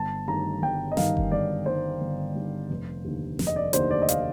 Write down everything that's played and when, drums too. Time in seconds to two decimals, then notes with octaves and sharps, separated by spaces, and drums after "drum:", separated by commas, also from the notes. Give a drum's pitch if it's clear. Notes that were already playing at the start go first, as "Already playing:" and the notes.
Already playing: G1 A5
0.27 G2 D#3 A#5
0.62 G1 G5
0.92 D#5
0.97 G2 D#3 F5, drum: snare
1.17 drum: kick F#1
1.32 G1 D5
1.66 G2 D#3 C5
2.00 G1
2.35 G2 D#3
2.70 F1
3.05 D#2 D3
3.39 F1, drum: snare
3.47 D#5
3.56 D5
3.73 D#2 D3 C5, drum: hi-hat
3.91 D5
4.02 D#5
4.09 F5, drum: hi-hat